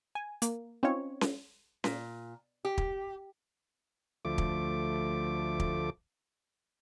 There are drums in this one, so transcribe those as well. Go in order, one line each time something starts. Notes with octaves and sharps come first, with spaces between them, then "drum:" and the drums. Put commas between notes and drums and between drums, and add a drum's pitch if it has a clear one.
G#5
A#3, drum: hi-hat
C4 C#4 D#4 F4 C#5
drum: snare C#4
A#2, drum: snare C#4
G4
drum: kick
D2 F3 A3 D6
drum: kick
drum: kick